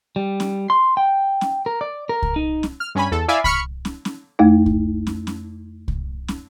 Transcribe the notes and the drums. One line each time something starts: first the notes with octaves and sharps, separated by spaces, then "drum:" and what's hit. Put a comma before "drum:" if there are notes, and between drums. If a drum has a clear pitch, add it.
G3
drum: snare
C6
G5
drum: snare
A#4
D5
A#4
drum: kick C2
D#4
drum: snare
F6
G2 C#4 G#5 B5
E2 A4
E4 D5 E5 F5 G#5 B5
B5 C#6 F6 C#7, drum: kick C2
drum: snare
drum: snare
F2 A3 D#4
drum: kick C2
drum: snare
drum: snare
drum: kick C2
drum: snare